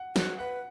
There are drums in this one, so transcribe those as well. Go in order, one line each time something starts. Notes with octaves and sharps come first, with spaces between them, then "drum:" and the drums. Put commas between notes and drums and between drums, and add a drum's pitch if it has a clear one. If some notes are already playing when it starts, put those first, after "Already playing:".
Already playing: F#5
F#4 F#5, drum: snare
B4 F#5